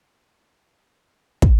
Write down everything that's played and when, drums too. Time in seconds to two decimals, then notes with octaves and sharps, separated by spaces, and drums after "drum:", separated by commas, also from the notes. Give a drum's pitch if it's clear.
0.24 F1 E4
1.42 drum: kick